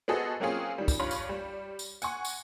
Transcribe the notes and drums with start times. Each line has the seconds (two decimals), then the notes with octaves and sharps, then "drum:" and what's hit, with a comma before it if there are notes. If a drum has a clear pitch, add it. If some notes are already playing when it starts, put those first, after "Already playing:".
0.08 B3 F#4 G#4 A4 C5 D#5
0.40 F#3 A#3 C4 C#4 F4 G#4
0.78 D#3 G3
0.88 drum: kick, tambourine
0.99 G2 F4 C#5 F5 B5
1.11 drum: tambourine
1.29 G3
1.79 drum: tambourine
2.02 F#5 G#5 C#6, drum: tambourine
2.25 drum: tambourine